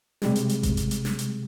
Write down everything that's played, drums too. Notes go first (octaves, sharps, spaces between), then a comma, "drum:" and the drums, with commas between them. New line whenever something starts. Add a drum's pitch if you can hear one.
C3 G3 G#3, drum: snare
drum: hi-hat
drum: hi-hat
drum: kick G#1, hi-hat
drum: hi-hat
drum: hi-hat
drum: snare
drum: hi-hat